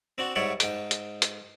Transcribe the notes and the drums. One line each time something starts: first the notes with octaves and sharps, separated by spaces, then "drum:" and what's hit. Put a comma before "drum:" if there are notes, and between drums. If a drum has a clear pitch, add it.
C4 D4 F#4
G#2 G3 C#5 D5 E5 F#5
G#2 G5, drum: hi-hat
drum: hi-hat
drum: hi-hat